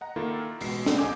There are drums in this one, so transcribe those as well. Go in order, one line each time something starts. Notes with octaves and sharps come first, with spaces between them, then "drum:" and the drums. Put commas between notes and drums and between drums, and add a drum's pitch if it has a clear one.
D#5 F#5 A#5
D#3 A#3 E4 F4 A4
A1 B2 G#3 C7, drum: open hi-hat
drum: snare
A#1 D#2 D#5 G#5 D6 G6